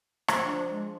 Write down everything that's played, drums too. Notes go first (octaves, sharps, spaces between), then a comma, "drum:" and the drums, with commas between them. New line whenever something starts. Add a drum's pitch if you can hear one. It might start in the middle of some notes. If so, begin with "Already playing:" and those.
F3, drum: rim click
D4
G#3